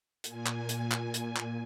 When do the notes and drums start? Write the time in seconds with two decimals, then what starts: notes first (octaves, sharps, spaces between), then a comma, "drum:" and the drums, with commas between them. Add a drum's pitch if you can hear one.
0.24 A#2 G#5, drum: hi-hat
0.47 drum: clap
0.69 drum: hi-hat
0.92 drum: clap
1.14 drum: hi-hat
1.37 drum: clap